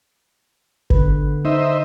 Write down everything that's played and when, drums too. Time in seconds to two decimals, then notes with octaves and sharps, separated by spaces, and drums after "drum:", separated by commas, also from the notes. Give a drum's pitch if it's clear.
0.90 D3 B4, drum: kick G1
1.45 D#4 C5 D#5 E5